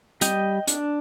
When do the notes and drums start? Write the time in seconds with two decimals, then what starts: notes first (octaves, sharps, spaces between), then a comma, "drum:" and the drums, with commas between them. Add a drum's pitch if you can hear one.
0.21 G3 D#5 G5, drum: hi-hat
0.67 D4, drum: hi-hat